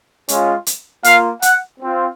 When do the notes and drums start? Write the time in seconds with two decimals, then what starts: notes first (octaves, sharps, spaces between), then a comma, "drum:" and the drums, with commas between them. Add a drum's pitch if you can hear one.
0.28 G#3 C#4 F4, drum: hi-hat
0.67 drum: hi-hat
1.04 A#3 F4 F5, drum: hi-hat
1.42 F#5, drum: hi-hat
1.80 C4 F4